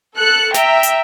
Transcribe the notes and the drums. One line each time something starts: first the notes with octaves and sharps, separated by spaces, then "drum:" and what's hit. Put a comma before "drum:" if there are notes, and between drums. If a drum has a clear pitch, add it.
A4 F#6 C#7
E5 G5 A#5, drum: snare
drum: hi-hat